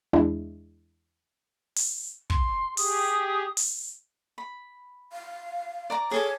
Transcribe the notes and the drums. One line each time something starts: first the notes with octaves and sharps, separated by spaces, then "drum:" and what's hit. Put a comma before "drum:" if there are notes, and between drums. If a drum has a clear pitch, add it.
E2 G#3 D4 E4
drum: open hi-hat
C6, drum: kick
G4 G#4 D#6, drum: open hi-hat
drum: open hi-hat
B5
F5
D5 A#5 D6
G#4 A4 C#5 D5